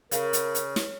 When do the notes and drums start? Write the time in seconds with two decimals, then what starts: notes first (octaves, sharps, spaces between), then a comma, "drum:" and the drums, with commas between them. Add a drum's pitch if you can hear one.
0.11 C#3 A#4, drum: hi-hat
0.33 drum: hi-hat
0.55 drum: hi-hat
0.76 drum: snare